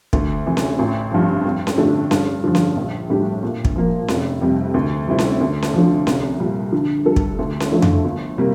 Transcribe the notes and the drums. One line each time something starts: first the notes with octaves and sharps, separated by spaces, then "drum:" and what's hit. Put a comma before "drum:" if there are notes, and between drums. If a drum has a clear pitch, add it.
D2, drum: kick
C3 E3
drum: snare C#4
A1
G2 F3
F2
drum: snare C#4
D3 A3 D4 G4
G2, drum: snare C#4
D3 F3
drum: snare C#4
A#1
A2 G3 D4 G4
A#2
drum: kick
F3 A#3
F1, drum: snare C#4
F2 C3 G3
D2
C3 G3 C4 E4
drum: snare C#4
D2
drum: snare C#4
D3 F3
C2, drum: snare C#4
A#2 G3
D3
G3 D4 A4
drum: kick
D2
drum: snare C#4
D3 F3 A3 E4
drum: tom F2
G1
C3 G3 A#3